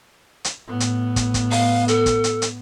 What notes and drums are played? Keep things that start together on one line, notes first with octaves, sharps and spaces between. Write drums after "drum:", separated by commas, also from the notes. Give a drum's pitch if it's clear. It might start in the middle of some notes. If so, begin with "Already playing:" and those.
drum: hi-hat
A2 B3
drum: hi-hat
drum: kick, hi-hat
drum: kick, hi-hat
F5, drum: open hi-hat
A4, drum: hi-hat
drum: kick, hi-hat
drum: hi-hat
drum: hi-hat